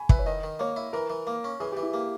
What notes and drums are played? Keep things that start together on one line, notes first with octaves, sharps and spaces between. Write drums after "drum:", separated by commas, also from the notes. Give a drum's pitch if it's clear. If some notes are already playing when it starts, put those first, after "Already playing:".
Already playing: G#5 B5 C#6
E4 B4, drum: kick
C#5
D#3 D#5
D#3
A#3 C#5
E4
E3 A#4
E3
A#3
C#4
E3 G#4
G4
E3
E4
A#3 G4